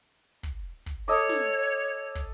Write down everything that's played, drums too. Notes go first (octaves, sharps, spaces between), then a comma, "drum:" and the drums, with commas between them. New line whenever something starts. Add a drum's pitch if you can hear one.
drum: kick
drum: kick
A4 C#5 D#5 D6
drum: snare
drum: kick